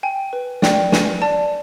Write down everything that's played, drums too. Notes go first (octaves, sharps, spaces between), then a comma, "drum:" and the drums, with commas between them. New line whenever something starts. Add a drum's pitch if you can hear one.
G5 G#5
B4
D5 G5, drum: snare
B4 G#5, drum: snare
D5 A5